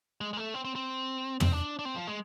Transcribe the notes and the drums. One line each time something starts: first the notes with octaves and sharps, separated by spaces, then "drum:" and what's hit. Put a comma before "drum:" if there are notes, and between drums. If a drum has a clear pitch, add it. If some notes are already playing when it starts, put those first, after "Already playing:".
G#3
G#3
A3
C4
C4
C4
C4, drum: tom
D4
D4
C4
F3
G#3